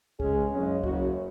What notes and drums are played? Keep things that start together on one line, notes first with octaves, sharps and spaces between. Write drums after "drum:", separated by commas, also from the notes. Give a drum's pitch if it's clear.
C#2 C#3 G#3 C#4 G#4, drum: kick
F#1 F#2 C#3 G#3 C#4
F#1 F#2 C#3 F#4, drum: kick